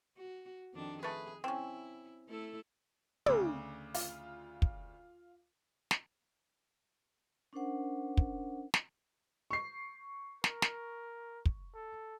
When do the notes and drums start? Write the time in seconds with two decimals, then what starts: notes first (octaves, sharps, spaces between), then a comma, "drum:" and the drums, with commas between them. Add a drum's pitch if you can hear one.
0.17 F#4
0.74 F2 D#3 D4
1.03 A3 G#4 B4
1.44 C4 C#4 E4
2.28 A3 E4 A4
3.26 D2 C#3 D6 E6, drum: tom
3.94 F4, drum: open hi-hat
4.62 drum: kick
5.91 drum: snare
7.53 C#4 D4 A#4 C5 F#5
8.17 drum: kick
8.74 drum: snare
9.51 C#6 C7
10.44 A#4, drum: snare
10.62 drum: snare
11.45 drum: kick
11.75 A4